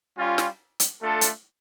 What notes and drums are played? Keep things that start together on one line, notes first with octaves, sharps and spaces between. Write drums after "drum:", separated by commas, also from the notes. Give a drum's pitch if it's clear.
G3 C#4 F4
drum: snare
drum: hi-hat
A3 D4 F4 A4
drum: hi-hat